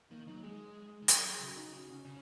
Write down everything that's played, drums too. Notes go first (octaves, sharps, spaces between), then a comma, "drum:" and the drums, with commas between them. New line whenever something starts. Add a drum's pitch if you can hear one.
D#3 A#3
F#3 D#4
G#3 G#4
D#3
F#3, drum: hi-hat
G#4
C#3 F#4
D#4
F#4
C#4
C#3 C#4